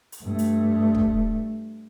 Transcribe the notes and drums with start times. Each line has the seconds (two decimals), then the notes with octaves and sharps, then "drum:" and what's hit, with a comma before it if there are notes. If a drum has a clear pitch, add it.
0.12 drum: hi-hat
0.22 G2 A3
0.39 drum: hi-hat
0.95 drum: kick